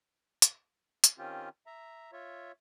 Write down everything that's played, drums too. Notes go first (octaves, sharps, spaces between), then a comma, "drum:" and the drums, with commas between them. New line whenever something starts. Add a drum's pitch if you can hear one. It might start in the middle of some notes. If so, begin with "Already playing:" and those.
drum: hi-hat
drum: hi-hat
D#3 C4 C#4 F4 G4
E5 A#5
F4 C#5 E5